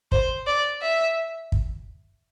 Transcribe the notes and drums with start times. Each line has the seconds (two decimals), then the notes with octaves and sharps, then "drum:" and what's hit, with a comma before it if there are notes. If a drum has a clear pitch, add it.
0.12 C5, drum: kick
0.47 D5
0.82 E5
1.52 drum: kick